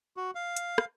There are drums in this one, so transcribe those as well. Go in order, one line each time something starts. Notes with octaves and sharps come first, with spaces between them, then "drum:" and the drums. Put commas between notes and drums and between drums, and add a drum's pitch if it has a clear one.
F#4
F5
drum: hi-hat
drum: rim click